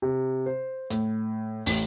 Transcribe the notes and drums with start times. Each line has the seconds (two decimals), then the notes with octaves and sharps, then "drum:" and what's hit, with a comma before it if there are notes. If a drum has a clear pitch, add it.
0.02 C3
0.46 C5
0.90 A2, drum: hi-hat
1.66 A1, drum: open hi-hat